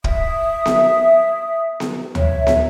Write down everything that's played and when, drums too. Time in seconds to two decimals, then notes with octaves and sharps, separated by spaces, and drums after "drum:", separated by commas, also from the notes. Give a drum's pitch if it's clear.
0.04 E5 D#6, drum: kick
0.65 drum: snare B3
1.80 drum: snare B3
2.15 C#5 E5, drum: tom D2
2.47 drum: snare B3